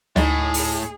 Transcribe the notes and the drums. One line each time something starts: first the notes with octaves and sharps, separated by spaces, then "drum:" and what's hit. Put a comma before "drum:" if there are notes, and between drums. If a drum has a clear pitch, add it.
D2 A2 D#4 G#4 D#5, drum: snare
drum: open hi-hat